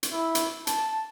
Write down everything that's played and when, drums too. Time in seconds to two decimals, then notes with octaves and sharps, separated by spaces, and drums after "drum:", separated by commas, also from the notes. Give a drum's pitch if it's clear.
0.03 drum: hi-hat
0.12 E4
0.35 drum: hi-hat
0.67 A5, drum: hi-hat